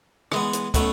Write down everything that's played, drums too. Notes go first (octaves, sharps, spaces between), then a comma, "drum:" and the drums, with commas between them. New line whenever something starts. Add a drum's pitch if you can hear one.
E3 G#3 B3, drum: rim click
drum: hi-hat
B2 F#3 A3 C#4 E4, drum: kick, hi-hat